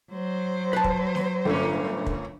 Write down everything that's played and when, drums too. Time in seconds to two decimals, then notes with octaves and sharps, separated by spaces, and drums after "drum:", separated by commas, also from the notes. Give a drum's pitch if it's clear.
0.11 F#3 C5
0.73 B4 A5
0.84 drum: kick
1.15 drum: snare
1.45 G1 A2 A#3 C#4
2.06 drum: kick